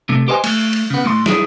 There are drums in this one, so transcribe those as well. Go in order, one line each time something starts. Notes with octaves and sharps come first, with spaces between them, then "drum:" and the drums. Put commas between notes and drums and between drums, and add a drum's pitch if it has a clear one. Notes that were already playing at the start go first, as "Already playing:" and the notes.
C3 A3
G4 B4 C5 D#5 E5 G#5
A3, drum: cymbal
drum: cymbal
C#3 B3
A2 A3 C6
E4 G#4, drum: snare